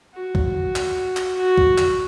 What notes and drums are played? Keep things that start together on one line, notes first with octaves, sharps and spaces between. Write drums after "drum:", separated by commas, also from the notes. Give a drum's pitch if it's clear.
F#4
drum: kick
drum: clap
drum: clap
F#4
drum: kick
drum: clap